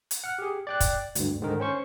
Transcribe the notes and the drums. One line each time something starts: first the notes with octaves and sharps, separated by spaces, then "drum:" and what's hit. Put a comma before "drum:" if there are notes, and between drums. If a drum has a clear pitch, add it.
drum: hi-hat
F#5 F6
G4 G#4
D5 G5 F#6
drum: kick, hi-hat
D2 G2, drum: hi-hat
G#2 D3 D#3 A#4
C#4 C5 C#6